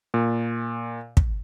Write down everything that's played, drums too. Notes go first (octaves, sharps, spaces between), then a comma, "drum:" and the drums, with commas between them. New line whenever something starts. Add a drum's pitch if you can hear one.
A#2
drum: kick